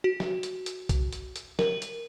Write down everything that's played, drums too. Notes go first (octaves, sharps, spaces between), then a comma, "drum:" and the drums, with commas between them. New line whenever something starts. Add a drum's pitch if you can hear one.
F#4
drum: snare
drum: hi-hat
drum: hi-hat
drum: kick C2, hi-hat
drum: hi-hat
drum: hi-hat
A#4, drum: snare
drum: hi-hat